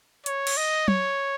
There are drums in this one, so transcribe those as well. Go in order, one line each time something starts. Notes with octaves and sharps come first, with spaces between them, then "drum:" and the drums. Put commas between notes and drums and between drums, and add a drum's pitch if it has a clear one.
C#5, drum: hi-hat
drum: cymbal
D#5
C#5, drum: tom